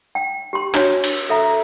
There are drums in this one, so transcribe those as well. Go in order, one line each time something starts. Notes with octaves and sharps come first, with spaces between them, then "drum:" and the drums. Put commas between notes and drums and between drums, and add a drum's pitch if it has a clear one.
G5
G4 C6
D4 F#4 C#5, drum: clap
drum: cymbal
A4 E5 A#5